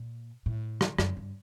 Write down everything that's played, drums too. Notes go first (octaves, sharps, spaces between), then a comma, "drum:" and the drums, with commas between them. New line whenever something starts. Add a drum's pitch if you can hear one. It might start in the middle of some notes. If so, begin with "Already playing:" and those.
Already playing: A#2
A2
drum: rim click
F#2, drum: rim click
G2